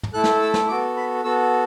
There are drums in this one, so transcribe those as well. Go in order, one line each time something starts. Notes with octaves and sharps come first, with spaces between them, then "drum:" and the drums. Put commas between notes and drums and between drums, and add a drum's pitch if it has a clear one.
drum: tom
A3 E4 A4 F#6
drum: snare
E6
drum: snare
B3 F#4 A4 D6
B5
B3 F#4 A4 E6